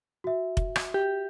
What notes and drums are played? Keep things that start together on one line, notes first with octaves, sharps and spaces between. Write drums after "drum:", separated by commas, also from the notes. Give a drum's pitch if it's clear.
F#4 E5
drum: kick F1
drum: rim click
G4